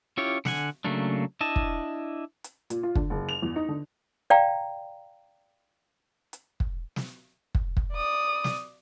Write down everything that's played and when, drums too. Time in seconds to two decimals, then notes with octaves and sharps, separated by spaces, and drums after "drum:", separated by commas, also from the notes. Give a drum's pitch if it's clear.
0.17 C#4 E4 F4 G4 C#5
0.45 D3 F#5 G#5, drum: snare
0.84 C#3 F#3 A3 A#3 D4
1.41 D4 E4 D#5 A5
1.56 drum: kick
2.44 drum: hi-hat
2.70 A#2, drum: hi-hat
2.83 F4
2.95 D3, drum: kick
3.10 F#1
3.29 F7
3.42 E2
3.56 D#4
3.69 D3
4.30 D5 F5 G5 A#5
6.33 drum: hi-hat
6.60 drum: kick
6.96 drum: snare
7.55 drum: kick
7.77 drum: kick
7.93 D5 D#6
8.44 drum: snare